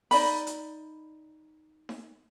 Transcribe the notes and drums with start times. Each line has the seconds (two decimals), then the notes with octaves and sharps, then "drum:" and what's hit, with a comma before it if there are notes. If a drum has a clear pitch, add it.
0.11 D#4 D5 B5, drum: open hi-hat
0.47 drum: hi-hat
1.89 drum: snare D#4